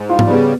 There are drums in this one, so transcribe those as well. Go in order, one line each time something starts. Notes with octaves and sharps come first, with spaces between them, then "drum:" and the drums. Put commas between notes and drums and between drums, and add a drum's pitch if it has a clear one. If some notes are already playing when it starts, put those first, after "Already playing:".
Already playing: G#2
G3 F4
drum: tom G#2
C#3 B3